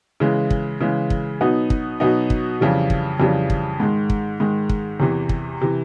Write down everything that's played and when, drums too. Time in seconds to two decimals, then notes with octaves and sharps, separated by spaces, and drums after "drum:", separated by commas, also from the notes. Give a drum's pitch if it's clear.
0.20 C#3 E3 G#3
0.50 drum: kick
0.81 C#3 E3 G#3
1.10 drum: kick
1.41 B2 F#3 B3 D#4
1.70 drum: kick
2.00 B2 F#3 B3 D#4
2.30 drum: kick
2.61 F2 C#3 E3 G3
2.90 drum: kick
3.20 F2 C#3 E3 G3
3.50 drum: kick
3.80 G#2 D#3 G#3
4.10 drum: kick
4.40 G#2 D#3 G#3
4.69 drum: kick
5.00 E2 C3 E3
5.29 drum: kick
5.61 C3 E3